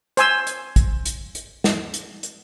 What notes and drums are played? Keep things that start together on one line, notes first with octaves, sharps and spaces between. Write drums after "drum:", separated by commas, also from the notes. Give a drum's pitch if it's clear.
C5 G#5 E6, drum: hi-hat
drum: hi-hat
drum: kick, hi-hat
drum: hi-hat
drum: hi-hat
drum: snare
drum: hi-hat
drum: hi-hat